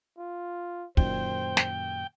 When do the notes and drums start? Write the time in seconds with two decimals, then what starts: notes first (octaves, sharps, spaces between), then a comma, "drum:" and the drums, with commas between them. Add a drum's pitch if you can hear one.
0.18 F4
0.97 F#2 A#2 D#3 C5 G5, drum: kick
1.57 drum: snare